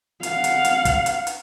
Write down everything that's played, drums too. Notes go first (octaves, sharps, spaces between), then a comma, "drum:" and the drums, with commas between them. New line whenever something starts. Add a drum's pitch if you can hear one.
F5 F#5, drum: hi-hat
drum: hi-hat
drum: hi-hat
drum: kick, hi-hat
drum: hi-hat
drum: hi-hat